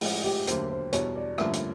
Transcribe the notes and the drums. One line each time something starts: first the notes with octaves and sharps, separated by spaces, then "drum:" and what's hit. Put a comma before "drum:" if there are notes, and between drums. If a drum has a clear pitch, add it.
A2 F3 G#3, drum: open hi-hat
G4
E1 D2 D3 F#3 A#3 C5, drum: hi-hat
C5
E2 B2 G3 C#5, drum: hi-hat
D5
A1 G2 D3 F3 A#3 E5, drum: rim click
drum: hi-hat